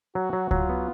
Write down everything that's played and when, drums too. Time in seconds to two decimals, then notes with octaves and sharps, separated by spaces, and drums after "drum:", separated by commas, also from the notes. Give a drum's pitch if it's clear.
0.15 F#3 F#4
0.33 F#3
0.51 F#3 F4, drum: kick C#2
0.69 B3